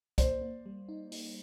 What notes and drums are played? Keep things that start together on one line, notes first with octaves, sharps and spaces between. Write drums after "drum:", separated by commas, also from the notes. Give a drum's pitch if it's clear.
A#3 C5 D5, drum: kick B1, hi-hat
A#3
G3
D#4
D#4, drum: open hi-hat